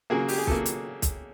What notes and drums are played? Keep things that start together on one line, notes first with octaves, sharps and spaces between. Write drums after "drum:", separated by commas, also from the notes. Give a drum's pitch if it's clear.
C#3 F#3 A#3 G#4
G4, drum: open hi-hat
G#4
C#3 F#3 A#3 A4, drum: kick
drum: hi-hat
drum: kick, hi-hat